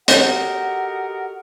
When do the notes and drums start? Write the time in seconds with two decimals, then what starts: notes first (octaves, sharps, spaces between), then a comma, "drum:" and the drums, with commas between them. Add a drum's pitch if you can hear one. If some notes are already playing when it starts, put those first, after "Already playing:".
0.08 F#4 G4 A4 A#4 D#5 F#5, drum: hi-hat